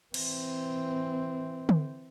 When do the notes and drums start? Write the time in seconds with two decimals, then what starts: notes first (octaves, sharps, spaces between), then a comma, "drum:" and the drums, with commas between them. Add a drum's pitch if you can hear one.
0.14 E3 C4, drum: cymbal
1.69 drum: tom D3